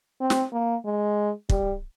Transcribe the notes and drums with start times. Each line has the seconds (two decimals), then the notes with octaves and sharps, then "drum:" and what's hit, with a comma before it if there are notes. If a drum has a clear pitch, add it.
0.21 C4
0.30 drum: snare
0.53 A#3
0.85 G#3
1.49 G3, drum: kick